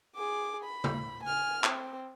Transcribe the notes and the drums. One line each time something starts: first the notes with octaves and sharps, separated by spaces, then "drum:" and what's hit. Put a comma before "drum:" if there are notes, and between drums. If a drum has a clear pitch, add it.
G#4 D6
B5
drum: tom C#3
G#5 F6
C4, drum: clap